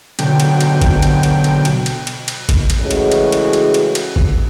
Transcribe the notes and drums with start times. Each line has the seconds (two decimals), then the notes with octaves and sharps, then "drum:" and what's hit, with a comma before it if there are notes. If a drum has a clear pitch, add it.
0.19 B2 D3 F#3 G5, drum: cymbal
0.40 drum: cymbal
0.61 drum: cymbal
0.81 drum: kick G1, cymbal
1.02 drum: cymbal
1.23 drum: cymbal
1.44 drum: cymbal
1.65 drum: cymbal
1.86 drum: cymbal
2.07 drum: cymbal
2.28 drum: cymbal
2.49 drum: kick G1, cymbal
2.70 drum: cymbal
2.80 A2 C#3 E3 G#3 F#4 G#4
2.91 drum: cymbal
3.12 drum: cymbal
3.32 drum: cymbal
3.53 drum: cymbal
3.74 drum: cymbal
3.95 drum: cymbal
4.16 drum: kick G1